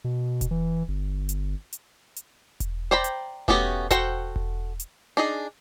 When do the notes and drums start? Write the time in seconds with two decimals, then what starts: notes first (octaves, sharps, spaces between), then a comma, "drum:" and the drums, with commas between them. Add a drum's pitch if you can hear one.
0.04 B2
0.41 drum: kick E1, hi-hat
0.51 E3
0.88 G1
1.29 drum: hi-hat
1.73 drum: hi-hat
2.16 drum: hi-hat
2.60 drum: kick E1, hi-hat
2.91 C5 D5 G5 A#5 B5
3.04 drum: hi-hat
3.48 A3 B3 C#4 F#4 G4, drum: kick E1
3.91 F#4 A4 C5 F#5 G5, drum: kick E1, hi-hat
4.36 drum: kick E1
4.80 drum: hi-hat
5.17 D4 D#4 G#4